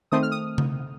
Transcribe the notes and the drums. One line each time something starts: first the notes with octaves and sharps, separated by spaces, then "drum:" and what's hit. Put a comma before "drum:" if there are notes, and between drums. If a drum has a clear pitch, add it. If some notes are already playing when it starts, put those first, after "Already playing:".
D#3 A3 C4 D#6
F6
D#6
drum: tom C#3